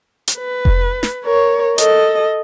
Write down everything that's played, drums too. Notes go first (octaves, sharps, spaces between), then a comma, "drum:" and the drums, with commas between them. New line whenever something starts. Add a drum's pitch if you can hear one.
drum: hi-hat
B4
drum: kick F1
drum: snare
A#4 C#5
A4 D#5, drum: hi-hat